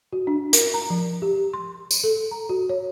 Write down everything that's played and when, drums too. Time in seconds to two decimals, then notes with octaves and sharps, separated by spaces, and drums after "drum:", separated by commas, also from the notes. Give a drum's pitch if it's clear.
0.13 F#4
0.27 D4
0.53 A#4, drum: hi-hat
0.74 A#5
0.90 F3
1.22 G4
1.53 C6
1.91 drum: tambourine
2.04 A4
2.31 A#5
2.49 F#4
2.69 C#5